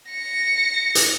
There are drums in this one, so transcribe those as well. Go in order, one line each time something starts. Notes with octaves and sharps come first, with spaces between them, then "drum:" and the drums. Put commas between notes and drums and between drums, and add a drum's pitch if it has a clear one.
A#6 C#7
drum: hi-hat